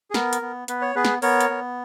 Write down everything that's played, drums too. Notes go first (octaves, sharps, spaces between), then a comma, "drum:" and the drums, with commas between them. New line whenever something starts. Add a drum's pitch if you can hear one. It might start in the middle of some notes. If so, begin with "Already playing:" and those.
G#4
B3 A#4, drum: snare
drum: hi-hat
B3
B3 B4, drum: hi-hat
C#5
B3 G#4 B4
drum: snare
B3 A#4 C#5, drum: open hi-hat
drum: hi-hat
B3